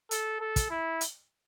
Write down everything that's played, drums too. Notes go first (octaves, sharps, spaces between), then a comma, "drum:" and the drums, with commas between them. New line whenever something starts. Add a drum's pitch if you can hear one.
A4, drum: hi-hat
A4
drum: kick, hi-hat
E4
drum: hi-hat